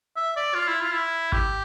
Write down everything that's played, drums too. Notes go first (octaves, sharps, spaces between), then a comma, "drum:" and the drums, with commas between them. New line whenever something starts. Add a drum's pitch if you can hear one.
E5
D5
F4
E4
F4
E4
G4, drum: kick G#1